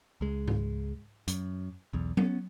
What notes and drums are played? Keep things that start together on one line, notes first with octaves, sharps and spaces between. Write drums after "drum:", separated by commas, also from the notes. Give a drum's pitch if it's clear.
C#2 G#3
drum: tom G#2
F#2, drum: hi-hat
B1 E2
B3 C#4, drum: tom F#3